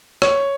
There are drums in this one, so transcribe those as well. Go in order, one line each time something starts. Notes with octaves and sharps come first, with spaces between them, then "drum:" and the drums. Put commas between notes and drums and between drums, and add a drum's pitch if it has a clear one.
C#5, drum: rim click